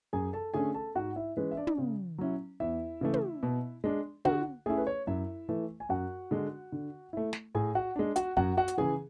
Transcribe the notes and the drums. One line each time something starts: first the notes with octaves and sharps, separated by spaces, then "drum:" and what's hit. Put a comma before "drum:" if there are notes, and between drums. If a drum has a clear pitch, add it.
F#2 G#4 G#5
A4 A5
D3 A3 C#4 G#4 G#5
A4 A5
G#2 F#4 F#5
E4 E5
E3 G#3 C#4 B4
E5
D4 D5
drum: tom
C#3
F#3 C#4 E4
E2 E4 E5
C#3 E3 A3
drum: tom
B2
G#3 D4
D3 F#4 F#5, drum: tom
A3 C#4 E4 G#4 G#5
B4
C#5
F#2 E4 E5
E3 A3 E4
G#5
F#2 F#4 F#5
D3 G#3 D4
D3
A3 E4
drum: snare
A2 G#4 G#5
F#4 F#5
G#3 D4
F#4 F#5, drum: hi-hat
F#2 F#4 F#5, drum: kick
F#4 F#5
drum: hi-hat
C#3 E3 G#4 G#5